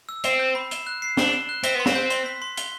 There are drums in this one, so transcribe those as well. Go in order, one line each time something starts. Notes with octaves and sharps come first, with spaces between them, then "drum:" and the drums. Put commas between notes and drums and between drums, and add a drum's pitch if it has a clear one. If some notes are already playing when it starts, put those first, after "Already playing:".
E6
C4 C7, drum: hi-hat
G6
B5
E7, drum: hi-hat
F#6
C7
D4 G7, drum: snare
E7
F#6
C4 B6, drum: hi-hat
B3 C6
C4, drum: snare
G6
C6, drum: hi-hat
B6
C6
G7, drum: hi-hat